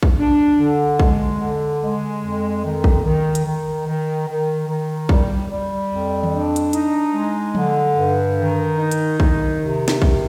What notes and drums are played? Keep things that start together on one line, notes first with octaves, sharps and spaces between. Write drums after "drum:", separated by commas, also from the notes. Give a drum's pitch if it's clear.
drum: kick A#1
D4
D3
G#3, drum: kick A#1
D3
G#3
F2
D#3
drum: kick A#1
D#3
drum: hi-hat
D#3
D#3
D#3
D#3
G3, drum: kick A#1
G3
F2
drum: tom D#3
D4
drum: hi-hat
D#4, drum: hi-hat
G#3
D3, drum: tom F3
G2
D#3
D#4
drum: hi-hat
D#3, drum: kick A#1
C3
drum: snare
D#3, drum: kick A#1